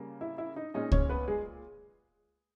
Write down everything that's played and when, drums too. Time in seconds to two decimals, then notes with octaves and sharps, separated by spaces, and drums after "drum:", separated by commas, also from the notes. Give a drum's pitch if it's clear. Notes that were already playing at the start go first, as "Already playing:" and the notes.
Already playing: C#3 G3 A#3
0.21 E4 E5
0.38 E4 E5
0.56 D#4 D#5
0.74 A#2 G#3 C#4 D#4 D#5
0.92 C#4 C#5, drum: kick C#2
1.09 B3 B4
1.28 G#3 G#4